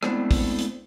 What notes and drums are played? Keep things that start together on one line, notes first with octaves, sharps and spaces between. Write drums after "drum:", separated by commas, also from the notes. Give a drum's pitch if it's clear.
G#3 A3 B3 C4 D4 E4, drum: rim click
drum: kick, open hi-hat
drum: hi-hat